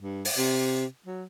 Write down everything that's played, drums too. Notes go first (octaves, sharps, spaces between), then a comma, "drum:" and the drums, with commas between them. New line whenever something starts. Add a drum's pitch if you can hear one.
G2
drum: open hi-hat
C3
F#3